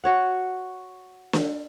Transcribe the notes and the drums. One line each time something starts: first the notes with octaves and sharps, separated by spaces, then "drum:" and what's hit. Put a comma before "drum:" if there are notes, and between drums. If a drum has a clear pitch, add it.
F#4 C#5 F#5
drum: snare